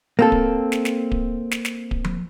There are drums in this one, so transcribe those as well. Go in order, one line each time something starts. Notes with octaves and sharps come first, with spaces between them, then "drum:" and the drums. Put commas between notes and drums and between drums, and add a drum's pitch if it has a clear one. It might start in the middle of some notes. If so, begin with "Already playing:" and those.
A#3 C4 A4
drum: kick D1
drum: snare
drum: snare
drum: kick D1
drum: snare
drum: snare
drum: kick D1
drum: tom F3